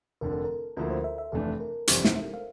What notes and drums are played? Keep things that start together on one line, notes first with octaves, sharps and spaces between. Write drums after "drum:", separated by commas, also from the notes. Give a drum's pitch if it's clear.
F1 F2 D3 A#4
A4
A#4
D2 D3 F3 A#3 E4 A#4
C5
E5
E5
F1 F2 E3 A3 D4 A4
A#4
G1 F2 C3 E3 G3 C5, drum: hi-hat
drum: snare
E5
F5